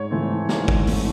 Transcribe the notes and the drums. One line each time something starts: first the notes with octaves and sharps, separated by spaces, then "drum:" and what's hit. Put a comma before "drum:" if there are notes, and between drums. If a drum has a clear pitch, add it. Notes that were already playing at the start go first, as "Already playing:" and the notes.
Already playing: G#2 C#5
E3 A3 C4
G#2, drum: snare
drum: kick
E3 A3 C4, drum: open hi-hat